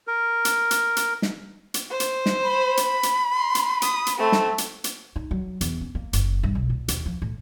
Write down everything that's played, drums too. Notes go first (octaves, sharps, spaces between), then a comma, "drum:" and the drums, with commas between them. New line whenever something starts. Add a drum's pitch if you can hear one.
A#4
drum: hi-hat
drum: hi-hat
drum: hi-hat
drum: snare
drum: hi-hat
C5
drum: hi-hat
drum: snare
B5
drum: hi-hat
drum: hi-hat
C6
drum: hi-hat
D#6, drum: hi-hat
drum: hi-hat
A3 C4
drum: snare
drum: hi-hat
drum: hi-hat
D#4
F#3
E2, drum: hi-hat
C#4
A#3
F#1, drum: hi-hat
G2
B1
A#2
D#2, drum: hi-hat
F3
A2